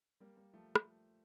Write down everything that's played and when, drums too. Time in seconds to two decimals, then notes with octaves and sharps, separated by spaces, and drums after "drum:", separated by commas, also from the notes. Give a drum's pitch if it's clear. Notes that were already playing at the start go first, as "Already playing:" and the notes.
0.20 G3 A#3
0.37 G3 A#3
0.53 F3 A3
0.75 drum: rim click